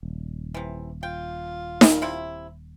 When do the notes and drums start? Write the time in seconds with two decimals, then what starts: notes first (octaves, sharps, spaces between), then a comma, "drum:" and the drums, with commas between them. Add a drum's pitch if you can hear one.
0.03 D#1
0.54 C3 E3
1.03 F4 G5
1.81 drum: snare D#4
2.02 C3 E4